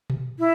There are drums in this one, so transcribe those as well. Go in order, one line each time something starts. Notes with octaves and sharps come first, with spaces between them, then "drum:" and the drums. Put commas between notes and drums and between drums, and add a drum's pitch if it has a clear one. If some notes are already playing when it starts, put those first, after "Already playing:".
drum: tom A#2
E4